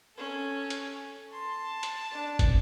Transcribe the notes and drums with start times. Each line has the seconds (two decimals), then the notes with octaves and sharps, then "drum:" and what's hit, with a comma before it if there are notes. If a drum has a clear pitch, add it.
0.15 C#4 A4
0.70 drum: hi-hat
1.33 A5 C6
1.83 drum: hi-hat
2.11 D4
2.39 drum: kick, hi-hat